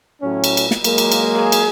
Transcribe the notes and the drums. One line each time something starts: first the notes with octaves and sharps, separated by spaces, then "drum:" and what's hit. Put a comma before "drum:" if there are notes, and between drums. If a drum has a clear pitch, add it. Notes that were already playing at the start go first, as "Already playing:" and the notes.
A2 F#3 C#4
drum: cymbal
drum: cymbal
drum: snare
F#3 G#3 A#3, drum: cymbal
drum: cymbal
drum: cymbal
G#4
drum: cymbal